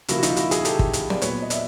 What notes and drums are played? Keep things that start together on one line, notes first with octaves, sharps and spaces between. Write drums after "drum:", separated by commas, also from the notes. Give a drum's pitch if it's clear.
C#3 F3 A#3 E4 F#4, drum: hi-hat
F#4
D#4 F4, drum: hi-hat
E4 F#4, drum: hi-hat
F#4 G#4, drum: hi-hat
G4 A4, drum: hi-hat
drum: kick
drum: hi-hat
D5, drum: snare
A#2 F#3 B3 B4 C#5, drum: hi-hat
D#5
D5 E5, drum: hi-hat